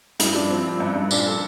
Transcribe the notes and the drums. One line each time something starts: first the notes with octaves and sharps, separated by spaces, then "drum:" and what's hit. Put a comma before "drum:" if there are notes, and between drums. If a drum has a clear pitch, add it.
G2 E4, drum: hi-hat
F3 D4
F3 C4
F3
G2
G2
A#2 D4, drum: tambourine
F3 A4